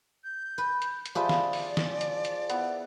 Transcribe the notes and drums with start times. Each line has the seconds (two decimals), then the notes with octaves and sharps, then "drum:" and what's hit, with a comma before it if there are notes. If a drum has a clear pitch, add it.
0.24 G6
0.58 B4
0.82 drum: hi-hat
1.06 drum: hi-hat
1.15 F3 G4 G#4 B4 D5 E5
1.29 drum: snare
1.53 drum: open hi-hat
1.77 drum: snare
2.01 drum: hi-hat
2.25 drum: hi-hat
2.50 B3 E4, drum: hi-hat